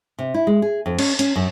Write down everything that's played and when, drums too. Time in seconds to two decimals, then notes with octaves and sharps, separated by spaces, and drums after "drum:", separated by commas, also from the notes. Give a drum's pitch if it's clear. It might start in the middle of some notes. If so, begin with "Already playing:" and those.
0.19 C3
0.34 E4
0.47 G#3
0.62 G#4
0.86 F2
0.99 C#4, drum: cymbal
1.19 C#4, drum: hi-hat
1.36 F#2